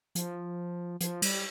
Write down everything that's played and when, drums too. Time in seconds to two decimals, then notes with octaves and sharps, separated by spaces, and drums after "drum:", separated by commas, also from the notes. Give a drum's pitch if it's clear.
0.15 F3, drum: hi-hat
1.01 F3, drum: hi-hat
1.22 G3, drum: cymbal